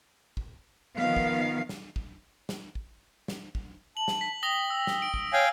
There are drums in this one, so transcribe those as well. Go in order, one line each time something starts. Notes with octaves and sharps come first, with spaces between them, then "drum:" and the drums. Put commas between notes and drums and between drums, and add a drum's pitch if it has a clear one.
drum: kick
D#3 F3 B3 F5
drum: kick
drum: snare
drum: kick
drum: snare
drum: kick
drum: snare
drum: kick
A5 F#7
drum: snare
B6
G5 D#6 A#6 G7
E6
drum: snare
D7
drum: kick
C#5 F5 G5 G#5